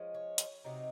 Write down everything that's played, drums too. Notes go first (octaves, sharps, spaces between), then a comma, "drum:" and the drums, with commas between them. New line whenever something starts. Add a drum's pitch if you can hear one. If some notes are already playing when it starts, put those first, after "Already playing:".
Already playing: F3 G#3 C#4
C#5
drum: hi-hat
C3 F#3 C4 D#4